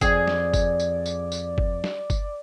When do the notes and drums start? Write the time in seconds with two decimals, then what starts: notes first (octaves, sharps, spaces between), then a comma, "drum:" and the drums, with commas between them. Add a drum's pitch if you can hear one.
0.01 F2 G#4 D5, drum: kick F#1, tambourine
0.27 drum: snare
0.54 drum: kick F#1, tambourine
0.80 drum: tambourine
1.06 drum: tambourine
1.32 drum: tambourine
1.58 drum: kick F#1
1.84 drum: snare
2.10 drum: kick F#1, tambourine